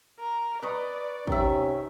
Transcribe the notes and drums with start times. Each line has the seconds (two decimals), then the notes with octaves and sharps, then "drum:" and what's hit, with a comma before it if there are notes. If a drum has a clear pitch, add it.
0.19 A#4
0.63 B4 D5 D#5 C#6
1.27 C3 D#3 C#4 E5, drum: kick